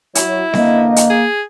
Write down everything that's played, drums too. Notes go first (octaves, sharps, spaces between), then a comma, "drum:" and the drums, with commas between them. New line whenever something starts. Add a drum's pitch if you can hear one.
F#3 E4 C#5, drum: hi-hat
E2 D3 A#3 D#5, drum: snare C4
drum: hi-hat
G#4